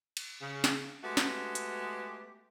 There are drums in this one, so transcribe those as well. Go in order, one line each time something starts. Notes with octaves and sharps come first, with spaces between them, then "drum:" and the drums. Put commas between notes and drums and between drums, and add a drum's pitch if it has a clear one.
drum: cymbal
C#3
drum: snare
G#3 A3 B3 F#4 G4
drum: snare
drum: hi-hat